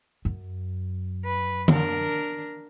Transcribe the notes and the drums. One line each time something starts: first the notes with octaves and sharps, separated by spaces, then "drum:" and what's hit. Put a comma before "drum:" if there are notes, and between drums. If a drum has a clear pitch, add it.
F#2
B4
D4 A#4, drum: tom D3